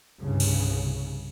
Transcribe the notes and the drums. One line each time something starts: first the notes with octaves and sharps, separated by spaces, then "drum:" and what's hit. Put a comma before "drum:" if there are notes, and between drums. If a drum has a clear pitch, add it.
C2 G2 C#3
drum: cymbal